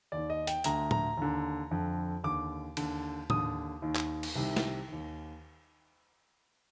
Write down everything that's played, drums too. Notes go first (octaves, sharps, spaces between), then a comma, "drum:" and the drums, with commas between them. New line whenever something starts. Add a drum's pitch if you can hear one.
D#2 D#3 D5
D#5
G5, drum: hi-hat
D2 D3 A#5, drum: hi-hat
A#5, drum: tom A2
D#2 D3
F2 D3
D#2 D3 D6
D#2 D3, drum: cymbal
D#2 D3 D#6, drum: tom A2
D#2 D#3
drum: clap
drum: cymbal
C2 C3 D#3
drum: snare
D#2 D#3